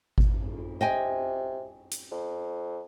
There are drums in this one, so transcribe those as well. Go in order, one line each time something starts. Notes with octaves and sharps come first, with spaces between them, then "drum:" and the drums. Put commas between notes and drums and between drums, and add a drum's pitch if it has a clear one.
drum: kick G#1
drum: cymbal
C3 D#5 G5 G#5
drum: hi-hat
F2